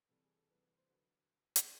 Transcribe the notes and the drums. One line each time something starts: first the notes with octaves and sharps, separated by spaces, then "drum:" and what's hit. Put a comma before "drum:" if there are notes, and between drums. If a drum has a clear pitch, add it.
C3 E3 G3 A4
G#4
A4
C3 E3 G3 B4
B4
C5
D3 F#3 B4
drum: hi-hat